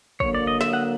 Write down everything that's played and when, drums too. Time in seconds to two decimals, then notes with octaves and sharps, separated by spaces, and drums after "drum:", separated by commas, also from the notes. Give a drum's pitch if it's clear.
0.20 D3 F#3 A#3 C#5, drum: kick
0.35 D5
0.47 D#5
0.61 E5, drum: snare
0.73 F#5